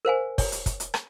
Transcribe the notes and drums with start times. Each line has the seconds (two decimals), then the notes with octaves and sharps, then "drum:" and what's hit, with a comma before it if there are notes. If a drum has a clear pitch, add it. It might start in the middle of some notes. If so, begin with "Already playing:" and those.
0.05 A#4 C5 F5 G#5
0.38 C#5, drum: kick, open hi-hat
0.52 drum: hi-hat
0.66 drum: kick, hi-hat
0.80 drum: hi-hat
0.94 drum: rim click